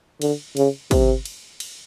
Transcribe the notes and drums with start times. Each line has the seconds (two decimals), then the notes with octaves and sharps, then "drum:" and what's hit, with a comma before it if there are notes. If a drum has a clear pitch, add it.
0.22 D3, drum: cymbal
0.57 C#3, drum: cymbal
0.91 C3, drum: kick, cymbal
1.25 drum: cymbal
1.60 drum: cymbal